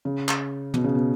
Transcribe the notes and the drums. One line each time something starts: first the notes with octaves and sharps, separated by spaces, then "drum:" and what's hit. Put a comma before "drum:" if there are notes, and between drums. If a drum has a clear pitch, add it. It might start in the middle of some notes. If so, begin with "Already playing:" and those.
C#3
drum: clap
B2, drum: tom
C#3
B2